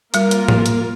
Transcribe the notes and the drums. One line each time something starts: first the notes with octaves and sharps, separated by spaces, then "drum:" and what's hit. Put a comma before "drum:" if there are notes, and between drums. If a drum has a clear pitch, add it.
G3 A#3 F4 A#4, drum: hi-hat
drum: hi-hat
drum: tom A2
drum: hi-hat